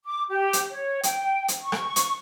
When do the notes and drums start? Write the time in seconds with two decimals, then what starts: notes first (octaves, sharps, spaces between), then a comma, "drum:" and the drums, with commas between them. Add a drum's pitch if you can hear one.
0.05 D6
0.29 G4
0.53 drum: hi-hat
0.72 C#5
1.03 G5, drum: hi-hat
1.48 drum: hi-hat
1.63 C#6
1.72 drum: rim click
1.96 drum: hi-hat